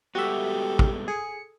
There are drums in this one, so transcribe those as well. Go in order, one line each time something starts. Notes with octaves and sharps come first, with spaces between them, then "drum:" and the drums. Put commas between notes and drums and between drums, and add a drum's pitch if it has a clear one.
G3 G#3 B3 F#4 G4 A4 E5
drum: kick
G#4 C#7